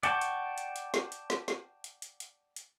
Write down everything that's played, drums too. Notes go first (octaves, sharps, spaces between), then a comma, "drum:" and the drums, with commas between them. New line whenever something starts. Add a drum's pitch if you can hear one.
D5 F#5 G5 A5 C#6, drum: hi-hat
drum: hi-hat
drum: hi-hat
drum: hi-hat
drum: snare
drum: hi-hat
drum: snare
drum: snare
drum: hi-hat
drum: hi-hat
drum: hi-hat
drum: hi-hat